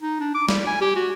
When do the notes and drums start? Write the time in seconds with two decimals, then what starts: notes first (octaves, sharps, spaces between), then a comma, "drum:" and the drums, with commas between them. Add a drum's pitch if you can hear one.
0.02 D#4
0.20 D4
0.35 D6
0.49 G3, drum: snare
0.67 G#5
0.81 G4
0.96 F#4